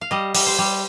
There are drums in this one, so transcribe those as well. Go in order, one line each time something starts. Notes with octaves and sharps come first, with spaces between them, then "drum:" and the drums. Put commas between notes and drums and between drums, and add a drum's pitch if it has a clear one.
F5
G3 D#5
G3, drum: open hi-hat
C5
G3